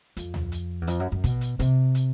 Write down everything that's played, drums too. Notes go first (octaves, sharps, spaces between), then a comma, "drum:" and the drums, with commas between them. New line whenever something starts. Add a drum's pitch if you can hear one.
F2, drum: hi-hat
drum: tom D2
drum: hi-hat
E2
F2, drum: hi-hat
F#2
F#2
B2, drum: kick, hi-hat
drum: hi-hat
C3, drum: hi-hat
drum: hi-hat